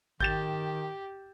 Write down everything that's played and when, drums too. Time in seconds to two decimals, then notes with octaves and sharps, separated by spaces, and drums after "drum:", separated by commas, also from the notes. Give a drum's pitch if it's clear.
0.20 D#3 G4 G6 A6 E7, drum: kick G#1